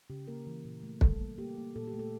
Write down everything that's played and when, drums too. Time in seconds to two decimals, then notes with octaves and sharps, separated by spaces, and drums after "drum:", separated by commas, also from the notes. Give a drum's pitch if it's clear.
0.10 C#3 G4
0.28 A#3 A#4
0.47 E3
0.65 A#2
0.83 A3
1.01 G3 A4, drum: kick
1.20 A#3
1.38 A#3 G4
1.58 A#3
1.76 A#2 A4
1.87 G4
1.94 A3
1.99 A4